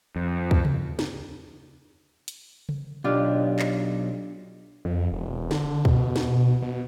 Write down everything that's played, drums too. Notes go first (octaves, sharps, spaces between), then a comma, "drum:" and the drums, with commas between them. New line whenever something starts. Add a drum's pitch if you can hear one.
F2
drum: kick
drum: tom C3
drum: snare
drum: hi-hat
drum: tom C#3
B1 D4 F4 G4
drum: clap
F2
E1
D3, drum: snare
B2, drum: kick
drum: snare
B2